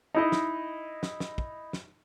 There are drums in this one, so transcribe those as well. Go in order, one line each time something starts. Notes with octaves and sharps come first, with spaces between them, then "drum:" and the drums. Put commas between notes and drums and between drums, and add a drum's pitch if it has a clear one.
D#4 E4 D#5
drum: snare
drum: snare
drum: snare
drum: kick
drum: snare